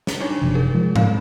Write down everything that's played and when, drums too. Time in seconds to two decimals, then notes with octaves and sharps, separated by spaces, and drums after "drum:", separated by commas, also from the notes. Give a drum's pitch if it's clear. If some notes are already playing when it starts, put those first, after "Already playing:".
0.07 drum: snare
0.20 D4 D#4 C#5
0.41 F#1 C3 F3
0.55 G#4 A#4
0.75 F3 G#3
0.96 C4 F5, drum: tom G#2